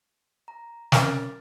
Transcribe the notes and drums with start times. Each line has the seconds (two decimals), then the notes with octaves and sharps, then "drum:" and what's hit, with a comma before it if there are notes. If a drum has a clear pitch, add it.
0.48 A#5
0.92 C#4 A#4 D5 D6 F6 A6, drum: snare